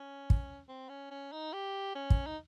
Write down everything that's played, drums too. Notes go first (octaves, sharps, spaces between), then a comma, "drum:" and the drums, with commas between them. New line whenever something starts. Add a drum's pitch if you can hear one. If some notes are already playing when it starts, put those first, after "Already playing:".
Already playing: C#4
drum: kick
C4
C#4
C#4
D#4
G4
C#4
drum: kick
D#4